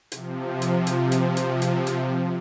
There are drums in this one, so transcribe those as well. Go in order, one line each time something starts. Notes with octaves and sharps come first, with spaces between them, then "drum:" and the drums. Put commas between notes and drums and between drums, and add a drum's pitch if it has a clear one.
C3 F3, drum: hi-hat
drum: hi-hat
drum: hi-hat
drum: hi-hat
drum: hi-hat
drum: hi-hat
drum: hi-hat